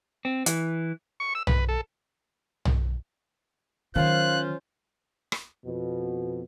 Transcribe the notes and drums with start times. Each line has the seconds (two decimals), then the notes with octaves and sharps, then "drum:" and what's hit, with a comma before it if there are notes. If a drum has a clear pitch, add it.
0.25 C4
0.46 E3, drum: hi-hat
1.20 C#6
1.35 E6
1.47 B4, drum: tom
1.69 A4
2.65 drum: tom
3.96 D#3 F#3 C#4 F4 C5 F5 F#6
5.32 drum: rim click
5.65 F2 B2